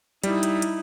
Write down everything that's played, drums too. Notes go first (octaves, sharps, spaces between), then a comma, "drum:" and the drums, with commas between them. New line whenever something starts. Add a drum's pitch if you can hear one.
G3 D#4 E4, drum: hi-hat
drum: hi-hat
drum: hi-hat